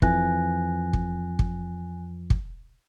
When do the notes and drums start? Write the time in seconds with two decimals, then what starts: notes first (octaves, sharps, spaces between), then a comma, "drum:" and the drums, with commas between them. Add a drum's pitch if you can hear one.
0.02 F2 E3 G#5 F#6 A#6, drum: kick
0.93 drum: kick
1.39 drum: kick
2.30 drum: kick